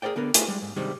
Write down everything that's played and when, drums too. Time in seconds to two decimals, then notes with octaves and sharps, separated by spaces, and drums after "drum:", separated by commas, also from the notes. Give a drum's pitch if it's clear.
0.02 G#4 A#4 C#5 D5 G5
0.16 D3 B3 A#4
0.34 A3 F4 G4 G#4 A#4 B4, drum: hi-hat
0.48 G3 G#3
0.62 G#2
0.76 G2 C3 D#3 G3 G#3